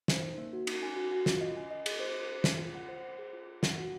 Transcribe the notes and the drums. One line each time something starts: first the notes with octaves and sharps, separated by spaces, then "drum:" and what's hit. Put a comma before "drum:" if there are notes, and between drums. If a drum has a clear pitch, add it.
C5, drum: snare
D#4
A#3
F#4
D#4, drum: cymbal
G#5
F#4
F#4
F4, drum: snare
D#5
G#5
D#5
G#4, drum: cymbal
C5
C5
G#4
F4, drum: snare
F4
F#5
C5
C5
G#4
F4
F4
F#5, drum: snare
F#4